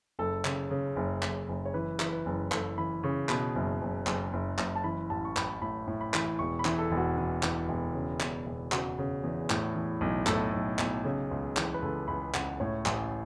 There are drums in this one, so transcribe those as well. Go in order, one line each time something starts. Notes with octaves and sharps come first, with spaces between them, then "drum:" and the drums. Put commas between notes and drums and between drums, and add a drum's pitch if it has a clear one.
F#1 A4
C#3, drum: clap
C#3
F#1
F#1, drum: clap
F#1
C#5
E3 B4
E3, drum: clap
B4
F#1
F#1 A4, drum: clap
E3 B5
C#3 C#6
B2 B5, drum: clap
F#1
F#1
F#1, drum: clap
F#1
F#1, drum: clap
A5
E3 B5
A1 A5
C#6
A1 B5, drum: clap
A2 B5
A2
B5
E3, drum: clap
E1 C#6
B5
E3, drum: clap
A4
E1
F#4
E3
E3, drum: clap
E1
C#3
E1, drum: clap
E1
C#3 F#4, drum: clap
C#3
E2
A2, drum: clap
E3
B1
A2 A4, drum: clap
B1
B1, drum: clap
C#3
C#2
E3, drum: clap
B4
C#2 A4
C#2 B5
C#2 F#5, drum: clap
A2 C#5
A1, drum: clap